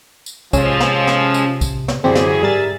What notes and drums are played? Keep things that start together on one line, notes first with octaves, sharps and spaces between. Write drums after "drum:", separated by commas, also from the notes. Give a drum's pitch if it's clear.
drum: tambourine
C3 F3 G#3 C#4 E6, drum: kick, tambourine
drum: snare
drum: snare
drum: tambourine
drum: kick, tambourine
drum: snare
F#2 D3 E3 C4 G4 G#4 D5
drum: snare
G#2 G3 A#4 E5 A6